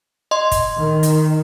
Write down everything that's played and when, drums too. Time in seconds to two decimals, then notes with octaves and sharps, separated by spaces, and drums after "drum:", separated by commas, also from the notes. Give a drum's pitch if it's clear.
0.31 D#5 C6
0.52 drum: kick, hi-hat
0.77 D#3
1.03 drum: hi-hat